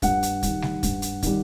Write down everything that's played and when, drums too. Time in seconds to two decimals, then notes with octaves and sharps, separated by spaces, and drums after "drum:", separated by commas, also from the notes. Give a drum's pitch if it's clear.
0.02 G2 F#5, drum: kick, hi-hat
0.23 drum: hi-hat
0.43 D#3 G3, drum: kick, hi-hat
0.62 drum: snare G3
0.83 G2, drum: kick, hi-hat
1.02 drum: hi-hat
1.23 D#3 G3, drum: kick, hi-hat